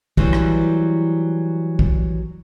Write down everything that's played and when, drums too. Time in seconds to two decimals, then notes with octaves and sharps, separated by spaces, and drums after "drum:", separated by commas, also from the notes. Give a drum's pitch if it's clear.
0.17 E3 F#3 G3 C5, drum: kick
0.33 drum: rim click
1.79 drum: kick